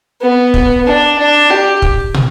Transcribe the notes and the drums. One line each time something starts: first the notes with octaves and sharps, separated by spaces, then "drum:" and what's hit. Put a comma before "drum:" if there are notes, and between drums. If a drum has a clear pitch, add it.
B3
drum: kick
D4
D4
G4
drum: kick
drum: tom